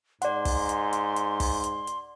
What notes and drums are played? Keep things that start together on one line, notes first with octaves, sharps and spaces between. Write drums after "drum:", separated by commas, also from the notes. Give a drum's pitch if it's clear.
G#2 D5 F#5 C6, drum: hi-hat
drum: kick, open hi-hat
drum: hi-hat
drum: hi-hat
drum: hi-hat
drum: kick, open hi-hat
drum: hi-hat
drum: hi-hat